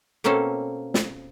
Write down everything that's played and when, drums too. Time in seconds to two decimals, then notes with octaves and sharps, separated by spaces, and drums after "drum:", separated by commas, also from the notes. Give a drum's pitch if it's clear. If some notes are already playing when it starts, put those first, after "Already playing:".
0.24 B2 A#3 C4 C#4 A4
0.94 drum: snare